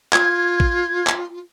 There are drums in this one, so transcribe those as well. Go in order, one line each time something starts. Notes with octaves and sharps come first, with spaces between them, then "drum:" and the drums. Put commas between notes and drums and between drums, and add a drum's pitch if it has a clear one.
F4 G#6, drum: clap
drum: kick A1
drum: clap